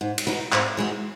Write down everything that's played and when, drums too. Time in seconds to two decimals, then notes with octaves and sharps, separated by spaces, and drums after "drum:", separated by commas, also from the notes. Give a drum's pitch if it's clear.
0.01 G#2
0.18 drum: cymbal
0.27 E3 G#3 D#4 F#4
0.52 G#2, drum: clap
0.77 E3 G#3 D#4 F#4